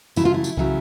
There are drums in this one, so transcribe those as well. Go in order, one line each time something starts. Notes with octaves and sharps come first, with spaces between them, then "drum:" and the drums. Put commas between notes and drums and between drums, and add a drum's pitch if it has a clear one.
C#3 F#3 A3 E4, drum: tambourine
F4
E4
drum: tambourine
C#3 F#3 A3, drum: kick C2